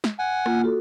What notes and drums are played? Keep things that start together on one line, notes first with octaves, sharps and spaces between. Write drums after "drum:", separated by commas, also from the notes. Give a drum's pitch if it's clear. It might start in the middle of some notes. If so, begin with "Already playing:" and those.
drum: snare
F#5 G#5
A#3 F4, drum: rim click
F#4 A4